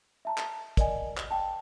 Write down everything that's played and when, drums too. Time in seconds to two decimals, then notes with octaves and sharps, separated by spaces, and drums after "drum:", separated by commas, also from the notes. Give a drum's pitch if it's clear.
0.25 E5 A5 A#5
0.38 drum: clap
0.77 A#4 D5 D#5 G#5, drum: kick, hi-hat
1.17 drum: clap
1.31 G5 A5